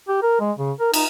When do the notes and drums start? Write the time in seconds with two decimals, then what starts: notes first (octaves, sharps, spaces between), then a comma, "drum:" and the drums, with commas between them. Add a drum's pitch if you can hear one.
0.08 G4
0.22 A#4
0.40 G#3
0.59 C#3
0.80 A#4
0.94 D#4, drum: cymbal